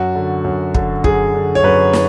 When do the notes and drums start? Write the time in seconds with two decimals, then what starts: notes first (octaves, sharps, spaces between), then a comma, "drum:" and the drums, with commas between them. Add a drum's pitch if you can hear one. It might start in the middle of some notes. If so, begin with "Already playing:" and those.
Already playing: F#2 F#4
0.15 D3
0.44 F#2
0.75 D3, drum: kick
1.04 F#2 G#4, drum: kick
1.34 D3
1.55 C#5
1.64 F#2 B4
1.93 drum: snare